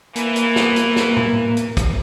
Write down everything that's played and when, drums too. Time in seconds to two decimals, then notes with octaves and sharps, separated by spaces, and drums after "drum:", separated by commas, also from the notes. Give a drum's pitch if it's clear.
0.16 E3 A#3, drum: hi-hat
0.36 drum: hi-hat
0.56 drum: snare
0.76 drum: hi-hat
0.96 drum: snare
1.16 drum: tom A2
1.57 drum: hi-hat
1.77 drum: kick, hi-hat